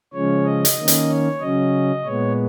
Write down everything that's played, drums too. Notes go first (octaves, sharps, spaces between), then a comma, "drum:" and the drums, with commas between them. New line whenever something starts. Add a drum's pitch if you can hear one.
C#3 F3 G#3 C#4 C#5
D#5
drum: hi-hat
D#3 A#3 C#4
drum: hi-hat
C#5
C#3 F#3 C#4 D#5
A#2 G#3 B3 C#5